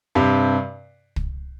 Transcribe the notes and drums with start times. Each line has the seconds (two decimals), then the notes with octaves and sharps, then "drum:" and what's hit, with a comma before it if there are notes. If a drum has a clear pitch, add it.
0.15 G2 C3
1.16 drum: kick